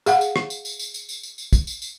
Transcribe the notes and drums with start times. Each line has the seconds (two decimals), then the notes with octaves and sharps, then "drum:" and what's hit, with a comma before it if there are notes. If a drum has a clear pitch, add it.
0.06 G#4 F5 F#5, drum: tambourine
0.21 drum: tambourine
0.36 drum: rim click
0.50 drum: tambourine
0.65 drum: tambourine
0.79 drum: tambourine
0.94 drum: tambourine
1.09 drum: tambourine
1.23 drum: tambourine
1.38 drum: tambourine
1.53 drum: kick, tambourine
1.67 drum: tambourine
1.82 drum: tambourine